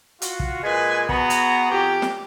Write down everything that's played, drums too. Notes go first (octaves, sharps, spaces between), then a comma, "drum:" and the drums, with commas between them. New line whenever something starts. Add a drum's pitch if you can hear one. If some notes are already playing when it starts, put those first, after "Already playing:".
F4 F#4, drum: hi-hat
drum: kick
A#2 G#3 B4 G#5
B3 F#4 G#4 A#5, drum: kick
drum: hi-hat
F2 G4
drum: snare